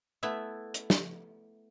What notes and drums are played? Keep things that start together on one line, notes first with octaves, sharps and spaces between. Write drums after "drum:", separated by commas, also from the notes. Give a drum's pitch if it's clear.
A3 B3 E4 E5
drum: hi-hat
drum: snare